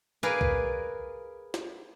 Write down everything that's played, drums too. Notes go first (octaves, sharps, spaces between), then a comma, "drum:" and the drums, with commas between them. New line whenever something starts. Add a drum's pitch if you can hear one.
G#4 A#4 B4 D5 F5 G#5
drum: kick B1
drum: snare